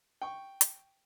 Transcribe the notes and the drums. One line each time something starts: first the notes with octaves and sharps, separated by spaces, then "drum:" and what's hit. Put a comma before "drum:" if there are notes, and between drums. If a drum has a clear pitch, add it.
G5 C#6
drum: hi-hat